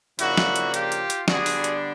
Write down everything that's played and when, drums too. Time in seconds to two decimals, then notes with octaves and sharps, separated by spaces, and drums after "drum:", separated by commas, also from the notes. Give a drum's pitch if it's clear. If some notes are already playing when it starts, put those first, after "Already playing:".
0.19 C#3 F3 A#3 D4 E4 F#4, drum: hi-hat
0.38 drum: snare
0.56 drum: hi-hat
0.74 F4 G4, drum: hi-hat
0.92 drum: hi-hat
1.10 drum: hi-hat
1.28 D3 G3 B3 D4 F#4 G#4, drum: snare
1.46 drum: open hi-hat
1.64 drum: hi-hat